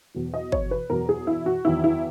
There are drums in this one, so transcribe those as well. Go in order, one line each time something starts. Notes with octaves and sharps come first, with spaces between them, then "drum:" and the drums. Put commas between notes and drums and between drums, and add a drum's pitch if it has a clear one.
E2 B2 F#3
D#5
C#5, drum: kick
B4
E2 B2 F#3 A#4
G#4
E4
F#4
E2 D#3 F#3 E4
E4